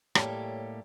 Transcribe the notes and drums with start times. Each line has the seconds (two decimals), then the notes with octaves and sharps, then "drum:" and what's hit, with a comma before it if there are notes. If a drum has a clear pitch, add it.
0.15 A2 G3 A#3 G4 A4 C#5, drum: rim click